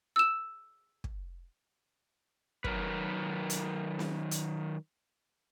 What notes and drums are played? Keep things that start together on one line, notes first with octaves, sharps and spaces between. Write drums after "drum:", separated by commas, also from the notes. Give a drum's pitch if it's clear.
E6 E7
drum: kick
D#3 F#3 A#4 B4, drum: kick
drum: hi-hat
drum: snare
drum: hi-hat